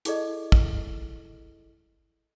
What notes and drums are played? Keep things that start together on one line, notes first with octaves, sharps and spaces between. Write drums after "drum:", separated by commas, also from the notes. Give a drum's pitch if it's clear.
E4 G#4 A4 D5 D#5, drum: hi-hat
drum: kick